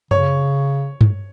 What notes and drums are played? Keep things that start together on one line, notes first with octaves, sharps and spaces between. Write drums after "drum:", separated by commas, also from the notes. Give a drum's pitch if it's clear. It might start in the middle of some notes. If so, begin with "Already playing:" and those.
C#3 C#5, drum: tom F#2
drum: tom G2